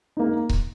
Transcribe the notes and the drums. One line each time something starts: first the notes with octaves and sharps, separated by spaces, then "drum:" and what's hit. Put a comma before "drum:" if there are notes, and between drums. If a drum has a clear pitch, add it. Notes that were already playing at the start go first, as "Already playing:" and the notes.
A#3 D#4
drum: kick C#1